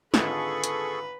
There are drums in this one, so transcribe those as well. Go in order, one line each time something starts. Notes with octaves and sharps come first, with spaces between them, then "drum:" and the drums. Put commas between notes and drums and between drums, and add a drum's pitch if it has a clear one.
G#1 D3 F4 G#4 A4 B4 C#6, drum: snare
drum: hi-hat